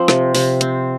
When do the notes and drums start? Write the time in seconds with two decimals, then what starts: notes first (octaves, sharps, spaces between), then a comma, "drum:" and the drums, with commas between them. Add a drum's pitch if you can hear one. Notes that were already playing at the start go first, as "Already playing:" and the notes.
Already playing: F3 C4
0.08 C3, drum: rim click
0.35 C3, drum: open hi-hat
0.61 C4, drum: hi-hat